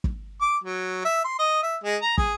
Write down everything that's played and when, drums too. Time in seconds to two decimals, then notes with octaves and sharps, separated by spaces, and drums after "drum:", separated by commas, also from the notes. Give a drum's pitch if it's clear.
0.04 drum: kick
0.41 D6
0.64 F#3
1.05 E5
1.24 C6
1.39 D#5
1.63 E5
1.84 G#3
2.02 A#5
2.18 G#4, drum: kick